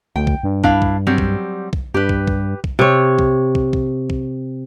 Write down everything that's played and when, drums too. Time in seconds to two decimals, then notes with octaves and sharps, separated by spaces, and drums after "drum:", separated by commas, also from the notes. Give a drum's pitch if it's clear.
0.16 D2 G5
0.27 drum: kick
0.43 G2
0.64 D4 E4 F5, drum: kick
0.82 drum: kick
1.07 F#3 G3 C4
1.18 drum: kick
1.73 drum: kick
1.94 G2 G4 B4
2.09 drum: kick
2.27 drum: kick
2.64 drum: kick
2.79 C3 C#5
3.19 drum: kick
3.55 drum: kick
3.73 drum: kick
4.10 drum: kick